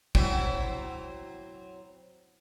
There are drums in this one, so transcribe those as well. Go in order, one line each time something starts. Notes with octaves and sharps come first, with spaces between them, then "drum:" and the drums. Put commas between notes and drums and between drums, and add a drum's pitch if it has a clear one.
F#3 C4 E4, drum: kick